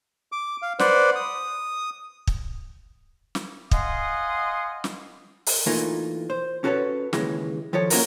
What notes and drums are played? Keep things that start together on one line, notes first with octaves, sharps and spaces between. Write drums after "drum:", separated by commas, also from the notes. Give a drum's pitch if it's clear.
D6
F5
B4 C5 D5 F#5, drum: snare
D#6
drum: kick
drum: snare
D#5 F5 F#5 G#5 C6 D#6, drum: kick
drum: snare
drum: open hi-hat
E3 A3 A#3 D#4 F4
C5
C#4 F#4 A4 B4 C#5
D#2 C#3 E3 G#3, drum: snare
D#3 F3 A4 C#5
A#3 C#4 F4 F#4 A#4, drum: open hi-hat